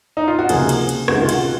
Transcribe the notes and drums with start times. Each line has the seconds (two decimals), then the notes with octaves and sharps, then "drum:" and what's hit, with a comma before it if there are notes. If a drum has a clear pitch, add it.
0.17 D#4
0.28 F4
0.39 F#4
0.49 C#2 C3 F3 A#3 G#4, drum: cymbal
0.69 drum: cymbal
0.89 drum: cymbal
1.08 C#2 C3 D#3 G#3 F#4, drum: rim click
1.21 F4
1.29 F#4, drum: cymbal